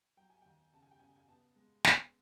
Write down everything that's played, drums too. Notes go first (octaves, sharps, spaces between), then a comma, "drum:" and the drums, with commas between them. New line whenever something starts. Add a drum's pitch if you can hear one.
F#3 G5
G#5
D#2 G5
C#3 A5
G#5
G5
C#3 G#5
G#5
B3 A5
G#3
B3, drum: snare